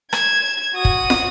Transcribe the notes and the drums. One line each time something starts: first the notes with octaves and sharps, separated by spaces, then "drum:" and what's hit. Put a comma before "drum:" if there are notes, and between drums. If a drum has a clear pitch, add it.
G#6 E7, drum: rim click
F#4 D#6
drum: kick
drum: snare